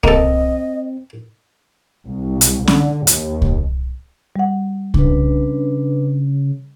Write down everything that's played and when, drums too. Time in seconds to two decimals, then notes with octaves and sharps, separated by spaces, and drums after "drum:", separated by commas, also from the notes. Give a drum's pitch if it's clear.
0.04 A#3 C4 A4 D#5, drum: kick C2
2.06 C2
2.41 drum: hi-hat
2.68 D3, drum: snare C#4
3.07 D#2, drum: hi-hat
3.42 drum: kick C2
4.36 G3 F#5
4.94 C#3 D4 B4, drum: kick C2